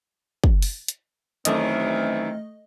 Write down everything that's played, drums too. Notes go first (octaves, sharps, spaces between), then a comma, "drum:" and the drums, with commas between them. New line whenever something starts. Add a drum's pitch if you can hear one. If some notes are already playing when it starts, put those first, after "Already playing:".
drum: kick
drum: open hi-hat
drum: hi-hat
F#2 D#3 E3 A3 C4 D#5, drum: hi-hat